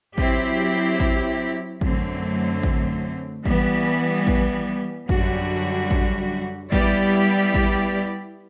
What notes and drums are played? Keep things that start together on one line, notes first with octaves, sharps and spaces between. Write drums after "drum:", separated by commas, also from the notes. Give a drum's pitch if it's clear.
F#3 C4 E4 G4, drum: kick A1
drum: kick A1
F#2 D3 F#3 A3 C4, drum: kick A1
drum: kick A1
E3 G3 B3, drum: kick A1
drum: kick A1
F#2 D3 G3 D4 F#4, drum: kick A1
drum: kick A1
G3 B3 E4 G4 D5, drum: kick A1
drum: kick A1